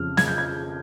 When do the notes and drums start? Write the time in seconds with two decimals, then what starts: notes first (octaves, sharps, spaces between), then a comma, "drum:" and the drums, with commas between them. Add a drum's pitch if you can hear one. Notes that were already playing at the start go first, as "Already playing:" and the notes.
Already playing: F2 C#3 F6
0.17 C#3 G#6, drum: snare
0.28 G6
0.38 G#6